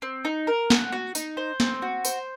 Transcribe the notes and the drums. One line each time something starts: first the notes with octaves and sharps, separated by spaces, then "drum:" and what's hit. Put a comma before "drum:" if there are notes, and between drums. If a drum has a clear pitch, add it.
C4
D#4
A#4
F#5, drum: snare
F#4
D#4, drum: tambourine
C5
C4, drum: snare
F#4
C5, drum: tambourine